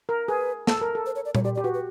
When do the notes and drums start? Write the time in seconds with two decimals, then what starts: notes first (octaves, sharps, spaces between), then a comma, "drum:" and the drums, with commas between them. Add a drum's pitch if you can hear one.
0.09 A#4
0.28 G#4 B4
0.67 A4, drum: snare
0.81 A#4
0.95 A4
1.06 C5
1.16 C#5
1.25 D5
1.35 C#5, drum: tom A#2
1.44 G4 D5
1.55 G4 D5
1.64 F#4 B4
1.74 B4